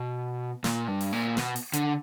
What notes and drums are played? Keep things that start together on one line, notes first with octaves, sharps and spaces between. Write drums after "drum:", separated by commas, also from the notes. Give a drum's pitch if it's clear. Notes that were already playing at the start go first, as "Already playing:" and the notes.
Already playing: B2
A#2, drum: snare
G2
drum: open hi-hat
A#2
B2, drum: snare
drum: open hi-hat
D3, drum: hi-hat